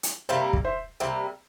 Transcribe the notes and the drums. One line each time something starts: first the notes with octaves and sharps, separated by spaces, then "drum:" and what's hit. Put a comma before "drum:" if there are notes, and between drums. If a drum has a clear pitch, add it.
drum: hi-hat
C3 G3 A#3 C5 E5
drum: kick
C5 E5
C3 G3 A#3 C5 E5